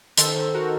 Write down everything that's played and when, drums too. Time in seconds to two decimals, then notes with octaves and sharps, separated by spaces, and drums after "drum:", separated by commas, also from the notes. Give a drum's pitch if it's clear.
0.17 D#3 A4 C5, drum: hi-hat
0.36 D#3
0.54 F#4 A#4